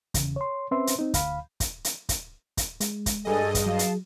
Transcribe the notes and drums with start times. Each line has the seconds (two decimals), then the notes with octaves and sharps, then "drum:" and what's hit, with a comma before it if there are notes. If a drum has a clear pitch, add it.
0.14 E2 C#3, drum: kick, hi-hat
0.36 C#5 C6
0.71 C4 C#4 B4 C5 E5 C6
0.87 drum: hi-hat
0.99 C4 D#4
1.14 D2 F5 B5, drum: kick, hi-hat
1.60 drum: kick, hi-hat
1.85 drum: hi-hat
2.09 drum: kick, hi-hat
2.57 drum: kick, hi-hat
2.80 G#3, drum: hi-hat
3.06 drum: kick, hi-hat
3.25 G2 G#4 A4 D#5 G#5
3.55 drum: kick, hi-hat
3.66 F#3 F5 A5
3.79 drum: hi-hat